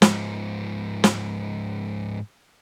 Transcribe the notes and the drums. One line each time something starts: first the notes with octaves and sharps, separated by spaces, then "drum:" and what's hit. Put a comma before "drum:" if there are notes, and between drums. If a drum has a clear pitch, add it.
G#2 F3, drum: snare
drum: snare